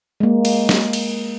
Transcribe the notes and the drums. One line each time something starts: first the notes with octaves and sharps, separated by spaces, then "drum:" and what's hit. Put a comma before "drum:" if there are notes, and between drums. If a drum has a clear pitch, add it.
G#3 A#3
drum: cymbal
drum: snare
drum: cymbal